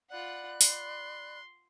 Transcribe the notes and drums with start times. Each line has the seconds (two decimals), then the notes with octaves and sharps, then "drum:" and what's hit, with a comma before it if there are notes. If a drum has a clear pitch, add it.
0.10 F4 D5 F#5 B5 F#6
0.61 C6, drum: open hi-hat